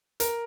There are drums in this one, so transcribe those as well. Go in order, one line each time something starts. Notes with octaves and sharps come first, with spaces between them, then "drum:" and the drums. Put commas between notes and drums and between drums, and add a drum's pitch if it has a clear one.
A#4, drum: hi-hat